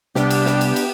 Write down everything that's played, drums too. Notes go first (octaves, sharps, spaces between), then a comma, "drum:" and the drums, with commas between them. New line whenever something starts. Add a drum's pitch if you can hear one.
C2 B3 D4 G4, drum: snare
drum: cymbal
drum: snare
drum: cymbal
drum: cymbal